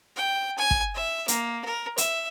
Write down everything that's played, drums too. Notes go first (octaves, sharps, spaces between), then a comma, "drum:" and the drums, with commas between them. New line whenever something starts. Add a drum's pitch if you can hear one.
G5
G#5
drum: kick
E5
A#3, drum: hi-hat
A#4
E5, drum: hi-hat